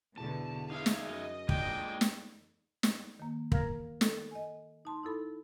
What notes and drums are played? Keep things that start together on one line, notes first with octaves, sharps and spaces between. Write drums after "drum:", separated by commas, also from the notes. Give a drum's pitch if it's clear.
E2 B2 D3 A5
D#4 G#4 E5 F5
drum: snare
F#2 D#5
A#2 G#3 D4 G5, drum: kick
drum: snare
drum: snare
D#3 A#3
A#4 F5 A#5 F6 G#6 A#6, drum: kick
A4, drum: snare
D#5 G#5
D#4 A5 C6
D#4 E4 A4 B5